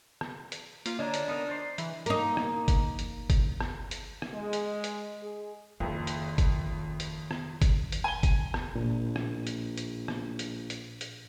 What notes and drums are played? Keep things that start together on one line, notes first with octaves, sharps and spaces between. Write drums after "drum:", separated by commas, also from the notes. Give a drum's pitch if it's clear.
drum: rim click
drum: hi-hat
A#3 F4, drum: hi-hat
D3 D4 C#5 D#5 A#5
drum: hi-hat
B3 D#4 A#4
C5 D5 C6
E3, drum: hi-hat
A#3 D#4, drum: hi-hat
drum: rim click
drum: kick G1, hi-hat
drum: hi-hat
drum: kick G1, hi-hat
drum: rim click
drum: hi-hat
drum: rim click
G#3
drum: hi-hat
drum: hi-hat
G#4
F#1 F2 D#3
drum: hi-hat
drum: kick G1, hi-hat
drum: hi-hat
drum: rim click
drum: kick G1, hi-hat
drum: hi-hat
G#5 G7
drum: kick G1, hi-hat
drum: rim click
A#1 A#2
drum: rim click
drum: hi-hat
drum: hi-hat
drum: rim click
drum: hi-hat
drum: hi-hat
drum: hi-hat